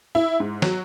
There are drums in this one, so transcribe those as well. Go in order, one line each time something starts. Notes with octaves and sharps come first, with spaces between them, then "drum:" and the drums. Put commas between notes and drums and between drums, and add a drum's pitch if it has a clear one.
E4
G#2
F#3, drum: snare